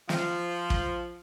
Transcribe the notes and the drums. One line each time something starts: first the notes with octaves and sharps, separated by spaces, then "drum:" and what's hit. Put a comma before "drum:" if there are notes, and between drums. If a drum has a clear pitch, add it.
F3, drum: snare
drum: kick